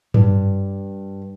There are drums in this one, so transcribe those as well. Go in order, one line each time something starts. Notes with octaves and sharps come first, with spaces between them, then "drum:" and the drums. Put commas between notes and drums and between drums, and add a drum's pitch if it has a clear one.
G2, drum: tom G#2